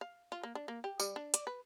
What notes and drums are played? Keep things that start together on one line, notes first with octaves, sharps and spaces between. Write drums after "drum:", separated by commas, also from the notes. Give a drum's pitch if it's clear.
F5
F4
A#3
D4
A#3
G4
G3, drum: tambourine
D4
D5, drum: hi-hat
B4